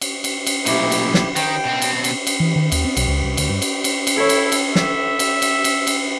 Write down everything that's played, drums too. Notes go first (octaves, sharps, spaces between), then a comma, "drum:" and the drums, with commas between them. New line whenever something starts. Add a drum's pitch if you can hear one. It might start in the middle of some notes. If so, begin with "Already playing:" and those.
drum: cymbal
drum: cymbal
drum: cymbal
B1 A#2 A3 E4 G4, drum: cymbal
drum: cymbal
drum: snare
D#3 G5, drum: cymbal
B2 C4
drum: cymbal
drum: cymbal
drum: cymbal
E3
D#3
D#2, drum: cymbal
C4
B1, drum: cymbal
C#2
C2
D2, drum: cymbal
G2
drum: cymbal
drum: cymbal
drum: cymbal
E4 A4 C#5
drum: cymbal
drum: cymbal
E5, drum: snare
drum: cymbal
drum: cymbal
drum: cymbal
drum: cymbal